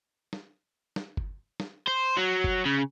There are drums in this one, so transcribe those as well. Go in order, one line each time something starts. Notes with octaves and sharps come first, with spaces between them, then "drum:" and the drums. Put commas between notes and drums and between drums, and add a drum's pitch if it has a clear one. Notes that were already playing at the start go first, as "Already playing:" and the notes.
drum: snare
drum: snare
drum: kick G1
drum: snare
C5
F#3
drum: kick G1
C#3